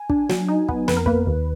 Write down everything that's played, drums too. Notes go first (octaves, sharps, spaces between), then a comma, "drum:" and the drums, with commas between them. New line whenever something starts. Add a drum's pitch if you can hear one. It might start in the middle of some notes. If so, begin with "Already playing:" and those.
Already playing: G#5
D4, drum: kick
F#3, drum: snare
D#4
B3, drum: kick
F2 B4, drum: snare
A#4
A#3 B4, drum: kick
D#2